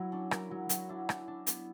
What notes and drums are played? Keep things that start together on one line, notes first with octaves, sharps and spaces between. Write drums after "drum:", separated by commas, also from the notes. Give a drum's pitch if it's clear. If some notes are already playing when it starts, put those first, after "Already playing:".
Already playing: F#3 E4 F#4
C#4 D4
E4 A#4, drum: rim click
F#3 F#4
F#3 F#4, drum: hi-hat
D4 E4
D4, drum: rim click
D4
B3, drum: hi-hat